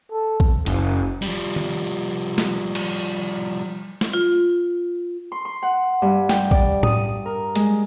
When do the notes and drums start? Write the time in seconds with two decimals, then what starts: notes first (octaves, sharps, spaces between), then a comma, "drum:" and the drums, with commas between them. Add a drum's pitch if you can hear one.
0.12 A4
0.40 drum: kick
0.66 F#1, drum: hi-hat
1.22 F3 G3, drum: open hi-hat
1.56 drum: tom D#3
2.38 drum: snare
2.75 drum: cymbal
4.01 drum: snare
4.13 F4
5.32 C6
5.45 C6
5.63 F#5
6.02 G2
6.29 G5, drum: snare
6.51 D5, drum: kick
6.83 D#6, drum: tom A2
7.26 A#4
7.56 G#3, drum: hi-hat